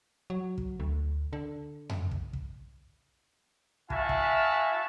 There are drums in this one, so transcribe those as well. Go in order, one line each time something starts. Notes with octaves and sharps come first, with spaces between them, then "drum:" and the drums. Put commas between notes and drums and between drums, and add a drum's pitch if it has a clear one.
F#3
drum: kick
D2
D3
drum: tom F2
drum: kick
drum: kick
E4 F#4 E5 F5 G#5 A5, drum: kick
drum: kick